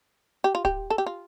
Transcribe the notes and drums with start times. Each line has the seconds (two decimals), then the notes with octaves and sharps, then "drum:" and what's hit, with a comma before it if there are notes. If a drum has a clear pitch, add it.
0.44 G4
0.55 F4
0.65 G4, drum: kick
0.90 A4
0.98 G4
1.06 F4